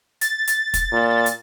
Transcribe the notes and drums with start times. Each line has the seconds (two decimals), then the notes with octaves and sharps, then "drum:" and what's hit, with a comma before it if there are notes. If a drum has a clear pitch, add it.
0.21 A6, drum: hi-hat
0.47 drum: hi-hat
0.74 drum: kick, hi-hat
0.92 A#2
1.26 drum: hi-hat